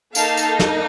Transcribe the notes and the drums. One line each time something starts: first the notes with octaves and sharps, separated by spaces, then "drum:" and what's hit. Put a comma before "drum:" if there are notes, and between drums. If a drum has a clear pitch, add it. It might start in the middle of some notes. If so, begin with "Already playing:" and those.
A#3 D#4 A4 F5 A5, drum: tambourine
drum: tambourine
drum: snare